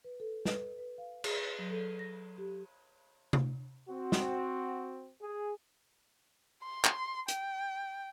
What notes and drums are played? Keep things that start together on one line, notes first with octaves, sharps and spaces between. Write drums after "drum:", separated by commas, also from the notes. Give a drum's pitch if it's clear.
B4
A4
B4, drum: snare
B4
F5
G#4, drum: cymbal
B4
F#3
A4
A#6
G4
drum: tom C3
C4 F#4
drum: snare
G#4
C6
drum: clap
G5, drum: hi-hat